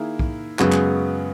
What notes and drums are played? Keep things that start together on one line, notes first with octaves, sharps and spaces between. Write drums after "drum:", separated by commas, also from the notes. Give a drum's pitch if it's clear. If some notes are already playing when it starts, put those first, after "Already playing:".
Already playing: D#3 A#3 E4 G#4
drum: kick B1
F#2 C#3 G#3 B3 F#4, drum: clap
drum: clap